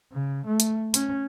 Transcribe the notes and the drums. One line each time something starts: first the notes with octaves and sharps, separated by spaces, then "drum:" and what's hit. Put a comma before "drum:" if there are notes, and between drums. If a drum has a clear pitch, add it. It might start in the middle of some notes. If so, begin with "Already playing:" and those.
C#3
A3
drum: hi-hat
C#4, drum: hi-hat